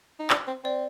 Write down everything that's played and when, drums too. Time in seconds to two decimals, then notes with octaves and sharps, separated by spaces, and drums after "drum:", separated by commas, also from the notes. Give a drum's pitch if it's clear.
0.19 D#4
0.30 D4, drum: clap
0.47 C4
0.64 C4 D5